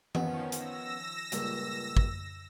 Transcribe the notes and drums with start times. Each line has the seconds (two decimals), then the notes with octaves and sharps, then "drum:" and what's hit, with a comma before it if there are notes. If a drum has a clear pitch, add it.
0.15 D#3 F3 B3 C#4, drum: tom E3
0.52 E6 A#6, drum: hi-hat
1.32 C#2 G2 A#2, drum: hi-hat
1.97 drum: kick